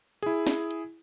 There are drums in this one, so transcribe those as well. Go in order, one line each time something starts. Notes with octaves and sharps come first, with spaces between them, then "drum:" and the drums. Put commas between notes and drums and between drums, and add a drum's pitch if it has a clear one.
E4 G#4, drum: hi-hat
drum: snare
drum: hi-hat